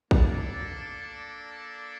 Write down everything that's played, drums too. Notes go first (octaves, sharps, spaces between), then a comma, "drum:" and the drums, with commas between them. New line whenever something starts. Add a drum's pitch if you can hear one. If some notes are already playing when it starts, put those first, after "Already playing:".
A#3 D4 A4 D5, drum: kick